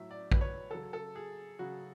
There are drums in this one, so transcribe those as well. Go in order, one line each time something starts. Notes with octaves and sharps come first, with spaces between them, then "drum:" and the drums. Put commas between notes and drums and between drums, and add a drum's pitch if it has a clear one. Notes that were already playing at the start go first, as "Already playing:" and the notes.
Already playing: A2 F#3 E5
D5
B4, drum: kick A#1
C#5
C#3 F#3 A4
A4
G#4
C#3 F#3 F#4